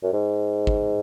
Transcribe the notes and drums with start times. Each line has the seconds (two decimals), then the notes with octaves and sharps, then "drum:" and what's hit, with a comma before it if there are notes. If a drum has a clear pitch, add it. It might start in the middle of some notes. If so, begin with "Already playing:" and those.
0.03 F#2
0.13 G#2
0.67 drum: kick G#1